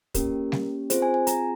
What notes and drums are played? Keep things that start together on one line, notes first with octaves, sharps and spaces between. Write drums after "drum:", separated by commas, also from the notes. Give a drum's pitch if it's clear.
A#3 C#4 G4 A#4, drum: kick, hi-hat
drum: snare G3
C4 F4 G#4 C5, drum: hi-hat
G#5
G#5
A#5, drum: hi-hat